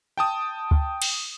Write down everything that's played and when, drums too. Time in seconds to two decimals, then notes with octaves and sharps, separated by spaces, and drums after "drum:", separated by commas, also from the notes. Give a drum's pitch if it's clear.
0.18 G5 A5 D#6
0.71 drum: kick
1.02 drum: cymbal